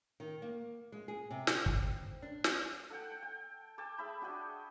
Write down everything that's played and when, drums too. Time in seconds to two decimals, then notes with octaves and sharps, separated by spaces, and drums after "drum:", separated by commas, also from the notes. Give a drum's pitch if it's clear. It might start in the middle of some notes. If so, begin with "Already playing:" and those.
0.20 D#3
0.42 A#3
0.92 G#3
1.08 G#4
1.31 C3
1.47 D3, drum: snare
1.66 drum: kick
1.82 C4
2.22 D4
2.44 drum: snare
2.90 A4 F#5 G5
3.23 G5
3.78 G5 A5 D6 E6
3.99 G#4 E5 B5
4.22 D4 F#4 G#4 G5